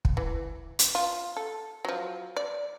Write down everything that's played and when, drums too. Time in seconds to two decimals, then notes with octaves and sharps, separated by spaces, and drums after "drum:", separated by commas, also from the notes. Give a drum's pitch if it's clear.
0.05 drum: kick
0.17 E3
0.79 drum: hi-hat
0.95 F4
1.37 A4
1.85 F3 F#3
2.37 D5